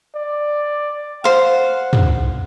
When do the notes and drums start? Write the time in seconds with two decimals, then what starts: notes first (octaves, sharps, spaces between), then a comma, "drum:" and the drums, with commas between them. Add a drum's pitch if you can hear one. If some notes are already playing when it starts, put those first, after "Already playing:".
0.16 D5
1.24 C5 F5 F#5
1.93 drum: tom